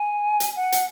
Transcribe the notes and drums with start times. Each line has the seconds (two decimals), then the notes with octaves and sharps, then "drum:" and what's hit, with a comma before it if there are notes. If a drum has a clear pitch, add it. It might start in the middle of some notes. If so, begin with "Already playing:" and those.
Already playing: G#5
0.40 drum: hi-hat
0.56 F#5
0.72 drum: hi-hat